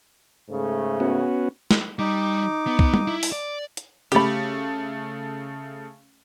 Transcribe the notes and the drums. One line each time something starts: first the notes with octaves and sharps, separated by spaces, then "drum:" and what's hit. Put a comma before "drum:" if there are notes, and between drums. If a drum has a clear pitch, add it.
G#2 C#3 A3
B3 C#4 F#4
drum: snare
G3 D#4 D6
B3
drum: kick C2
drum: tom G3
E4
drum: open hi-hat
D5
drum: hi-hat
C#3 A3 G4 B5, drum: hi-hat